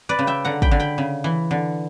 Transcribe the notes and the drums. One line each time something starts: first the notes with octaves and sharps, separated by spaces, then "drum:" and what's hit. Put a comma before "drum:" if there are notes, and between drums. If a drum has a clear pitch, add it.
B4 D5
C#3
E5 G5
D3 F#5 A#5
G5 B5, drum: kick
D3
G5 B5
C#3
E3
D3